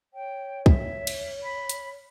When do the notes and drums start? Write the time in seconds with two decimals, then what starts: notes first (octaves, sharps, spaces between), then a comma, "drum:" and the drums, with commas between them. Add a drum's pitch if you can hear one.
0.14 C#5 G5
0.66 E5, drum: kick
1.07 drum: cymbal
1.42 B5
1.69 drum: hi-hat